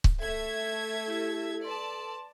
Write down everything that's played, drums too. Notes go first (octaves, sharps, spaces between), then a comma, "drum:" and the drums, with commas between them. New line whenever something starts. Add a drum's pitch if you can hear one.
drum: kick C#1
A3 A4 E5 G#6
E4 G4
B4 D5 A5 C6